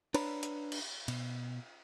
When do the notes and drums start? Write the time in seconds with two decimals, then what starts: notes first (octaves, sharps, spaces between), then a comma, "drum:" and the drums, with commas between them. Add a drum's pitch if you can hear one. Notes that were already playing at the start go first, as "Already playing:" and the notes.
0.14 D4 B4 C#5 D5 A#5 B5, drum: cymbal
0.43 drum: hi-hat
0.72 drum: cymbal
1.08 B2, drum: cymbal